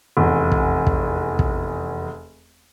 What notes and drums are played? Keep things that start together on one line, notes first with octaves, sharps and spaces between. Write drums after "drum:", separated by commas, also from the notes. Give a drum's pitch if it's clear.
F1 E2
drum: kick
drum: kick
drum: kick